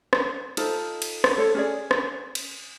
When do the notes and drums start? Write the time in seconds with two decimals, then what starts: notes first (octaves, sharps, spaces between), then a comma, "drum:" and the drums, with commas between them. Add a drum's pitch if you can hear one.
0.13 drum: rim click
0.57 D#4 F4 A4 C5, drum: cymbal
1.02 drum: cymbal
1.24 drum: rim click
1.37 A4 C#5
1.55 C#4 G#4 D5
1.91 drum: rim click
2.35 drum: cymbal